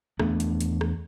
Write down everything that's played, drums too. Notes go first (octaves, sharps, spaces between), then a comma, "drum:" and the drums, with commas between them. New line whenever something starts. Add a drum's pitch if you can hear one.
E2 A3 B3 D4, drum: rim click
drum: hi-hat
drum: hi-hat
drum: rim click